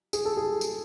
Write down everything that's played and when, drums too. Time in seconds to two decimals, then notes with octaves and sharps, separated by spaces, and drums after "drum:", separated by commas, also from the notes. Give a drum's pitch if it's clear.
0.13 G#4, drum: tambourine
0.25 A4
0.37 G#4
0.61 drum: tambourine